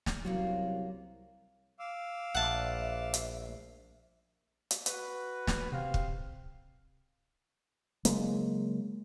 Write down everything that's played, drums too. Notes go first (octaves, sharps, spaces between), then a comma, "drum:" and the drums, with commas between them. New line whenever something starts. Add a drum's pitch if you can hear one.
drum: snare
C2 F#3 A#3 F4 F#4
F5 D6 E6
A#1 E5 F#5 A5
drum: hi-hat
drum: hi-hat
F#4 B4, drum: hi-hat
drum: snare
C3 C4 F5
drum: kick
C#3 F#3 G#3 A#3, drum: hi-hat